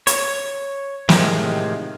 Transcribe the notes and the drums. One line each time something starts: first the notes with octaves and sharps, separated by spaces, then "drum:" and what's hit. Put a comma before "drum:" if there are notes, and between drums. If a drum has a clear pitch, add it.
C#5, drum: hi-hat
A2 C3 D#3 F3 G#3, drum: snare